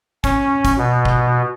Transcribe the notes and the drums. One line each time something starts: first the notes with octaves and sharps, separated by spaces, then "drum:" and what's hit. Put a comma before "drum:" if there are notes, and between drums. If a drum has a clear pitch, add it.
C#4, drum: kick, hi-hat
drum: kick, hi-hat
B2
drum: kick